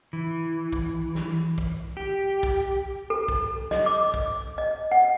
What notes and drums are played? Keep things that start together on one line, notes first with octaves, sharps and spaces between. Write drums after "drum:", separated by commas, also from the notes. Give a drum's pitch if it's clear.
E3
drum: kick
drum: snare
drum: kick
G4
drum: kick
A4
drum: kick
D#5, drum: snare
D6
drum: kick
D#5
F#5